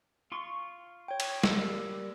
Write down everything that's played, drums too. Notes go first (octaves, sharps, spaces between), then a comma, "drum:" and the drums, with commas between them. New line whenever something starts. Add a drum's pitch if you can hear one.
F4 C6 C#6
C#5 G5
drum: cymbal
G3 A#3 E6, drum: snare